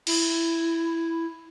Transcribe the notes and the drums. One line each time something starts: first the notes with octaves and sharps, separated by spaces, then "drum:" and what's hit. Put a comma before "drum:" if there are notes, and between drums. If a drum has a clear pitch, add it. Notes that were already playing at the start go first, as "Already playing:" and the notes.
E4, drum: cymbal